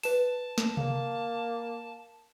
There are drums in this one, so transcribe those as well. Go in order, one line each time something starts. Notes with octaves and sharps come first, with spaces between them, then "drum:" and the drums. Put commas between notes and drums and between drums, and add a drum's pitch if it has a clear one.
B4 A5 E7, drum: open hi-hat
drum: snare
A#3, drum: tom C3